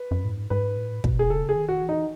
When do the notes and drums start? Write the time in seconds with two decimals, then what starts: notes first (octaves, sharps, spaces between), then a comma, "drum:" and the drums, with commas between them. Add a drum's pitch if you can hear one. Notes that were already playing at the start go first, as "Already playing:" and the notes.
Already playing: B4
0.11 F#2
0.25 A2
0.31 G#2
0.50 G#2 B4
0.77 A2
1.04 B2, drum: kick
1.19 G#4
1.30 C#3 A4
1.49 G#4
1.56 D#3
1.68 F#4
1.82 E3
1.89 D#4